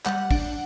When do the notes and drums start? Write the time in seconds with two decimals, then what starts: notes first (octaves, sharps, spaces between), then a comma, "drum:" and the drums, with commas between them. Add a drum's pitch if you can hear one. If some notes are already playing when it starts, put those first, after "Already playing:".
0.06 G3 F#5, drum: clap
0.31 D4, drum: kick, open hi-hat